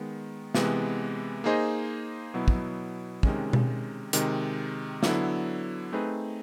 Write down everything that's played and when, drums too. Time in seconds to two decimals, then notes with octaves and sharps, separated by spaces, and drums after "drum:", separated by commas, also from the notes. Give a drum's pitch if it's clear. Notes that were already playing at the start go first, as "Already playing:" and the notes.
Already playing: D#3 G#3 B3
0.55 C3 E3 G#3 B3, drum: snare
1.44 A#3 D#4 G#4 C5 D#5
2.34 B2 F#3 B3 E4
2.48 drum: kick
3.23 C3 D#3 G#3 C#4, drum: kick
3.53 drum: tom B2
4.13 C3 D#3 G#3, drum: hi-hat
5.03 D3 F#3 B3 E4, drum: snare
5.93 A3 C4 D#4 G#4 B4